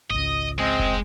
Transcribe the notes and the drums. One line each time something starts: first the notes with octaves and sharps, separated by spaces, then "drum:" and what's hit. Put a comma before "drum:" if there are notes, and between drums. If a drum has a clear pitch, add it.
G#1 C#2 D#5
G#3 C4 D#5
drum: kick F1